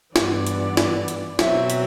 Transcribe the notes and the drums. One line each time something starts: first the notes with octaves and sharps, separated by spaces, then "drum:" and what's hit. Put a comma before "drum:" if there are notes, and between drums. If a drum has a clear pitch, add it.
G2 E3 B3 D5, drum: snare
drum: hi-hat
drum: snare
drum: hi-hat
B2 F#3 C4 E5, drum: snare
drum: hi-hat